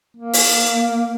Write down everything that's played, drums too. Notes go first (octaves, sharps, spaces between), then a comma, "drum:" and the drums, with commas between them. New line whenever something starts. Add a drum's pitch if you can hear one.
A#3
drum: open hi-hat